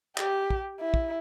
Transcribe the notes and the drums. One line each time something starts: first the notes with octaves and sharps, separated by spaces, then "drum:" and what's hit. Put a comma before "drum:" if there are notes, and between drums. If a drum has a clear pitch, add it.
G4, drum: clap
drum: kick
E4
drum: kick